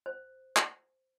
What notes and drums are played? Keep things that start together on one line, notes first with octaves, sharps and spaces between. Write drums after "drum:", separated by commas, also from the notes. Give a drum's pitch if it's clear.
C5
drum: clap